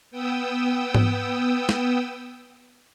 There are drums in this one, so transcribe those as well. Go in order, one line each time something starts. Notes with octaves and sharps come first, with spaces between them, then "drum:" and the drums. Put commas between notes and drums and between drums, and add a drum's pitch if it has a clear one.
B3 G5 D#6 E6
drum: tom G#2
drum: snare